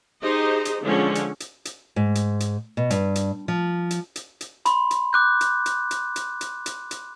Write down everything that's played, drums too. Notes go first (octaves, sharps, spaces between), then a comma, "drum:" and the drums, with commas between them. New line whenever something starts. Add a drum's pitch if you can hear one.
D#4 G4 G#4 C5 D#5
drum: hi-hat
D3 F3 G#3 C#4 C#5
drum: hi-hat
drum: hi-hat
drum: hi-hat
G#2
drum: hi-hat
drum: hi-hat
B2
G2, drum: hi-hat
drum: hi-hat
F3
drum: hi-hat
drum: hi-hat
drum: hi-hat
B5 C6, drum: hi-hat
drum: hi-hat
D6 F#6 G6
drum: hi-hat
drum: hi-hat
drum: hi-hat
drum: hi-hat
drum: hi-hat
drum: hi-hat
drum: hi-hat